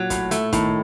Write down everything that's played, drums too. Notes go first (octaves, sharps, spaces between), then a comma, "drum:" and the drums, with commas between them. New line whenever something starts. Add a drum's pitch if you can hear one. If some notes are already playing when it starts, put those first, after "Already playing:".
Already playing: A#2 F#3
A2, drum: kick, hi-hat
A3, drum: hi-hat
A2 D#3, drum: kick, hi-hat